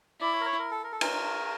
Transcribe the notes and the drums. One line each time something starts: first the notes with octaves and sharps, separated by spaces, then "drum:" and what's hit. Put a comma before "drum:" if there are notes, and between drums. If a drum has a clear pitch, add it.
E4 D5
C#5
A#4
C#5
A#4
A4
A#4
A4
A#4, drum: cymbal